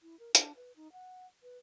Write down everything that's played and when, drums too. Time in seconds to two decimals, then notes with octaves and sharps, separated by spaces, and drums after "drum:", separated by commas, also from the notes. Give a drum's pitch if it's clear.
0.03 E4
0.19 A#4
0.35 D4, drum: hi-hat
0.56 B4
0.76 D#4
0.92 F#5
1.43 B4